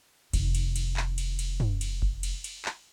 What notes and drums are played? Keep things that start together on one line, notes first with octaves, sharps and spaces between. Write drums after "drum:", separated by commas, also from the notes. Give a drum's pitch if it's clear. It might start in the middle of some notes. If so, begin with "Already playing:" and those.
F1 D#3, drum: kick F#1, cymbal
drum: cymbal
drum: cymbal
drum: clap
drum: cymbal
drum: cymbal
drum: tom
drum: cymbal
drum: kick F#1
drum: cymbal
drum: cymbal
drum: clap